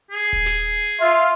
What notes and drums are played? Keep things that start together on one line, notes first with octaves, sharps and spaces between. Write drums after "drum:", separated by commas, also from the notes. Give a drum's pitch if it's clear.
G#4
drum: kick D#1, hi-hat
drum: snare
drum: hi-hat
drum: hi-hat
drum: open hi-hat
F4 E5, drum: hi-hat
drum: hi-hat